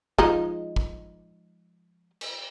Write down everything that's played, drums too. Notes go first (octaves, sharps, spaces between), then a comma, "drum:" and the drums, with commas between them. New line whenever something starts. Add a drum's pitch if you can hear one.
F3 G#3 D#4, drum: kick
drum: kick
drum: cymbal